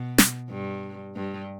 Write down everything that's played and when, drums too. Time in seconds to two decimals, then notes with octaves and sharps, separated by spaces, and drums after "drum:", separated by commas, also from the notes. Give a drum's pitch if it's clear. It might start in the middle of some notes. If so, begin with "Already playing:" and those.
Already playing: B2
0.18 drum: snare
0.50 G2
1.16 G2